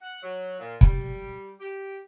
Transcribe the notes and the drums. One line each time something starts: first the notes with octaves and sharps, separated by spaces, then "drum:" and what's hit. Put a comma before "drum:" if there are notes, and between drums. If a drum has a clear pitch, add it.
F#5
F#3
A#2
G3, drum: kick
G4